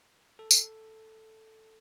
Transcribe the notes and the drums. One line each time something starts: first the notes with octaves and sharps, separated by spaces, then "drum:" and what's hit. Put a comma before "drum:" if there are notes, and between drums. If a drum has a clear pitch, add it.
A4
drum: tambourine